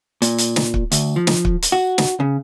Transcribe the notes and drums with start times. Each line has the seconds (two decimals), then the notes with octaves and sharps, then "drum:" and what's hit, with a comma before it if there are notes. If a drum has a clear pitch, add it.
0.22 A#2, drum: hi-hat
0.38 drum: hi-hat
0.56 drum: snare
0.74 drum: kick
0.92 D2, drum: hi-hat
1.16 F3
1.27 drum: snare
1.45 drum: kick
1.62 drum: hi-hat
1.72 F#4
1.98 drum: snare
2.20 C#3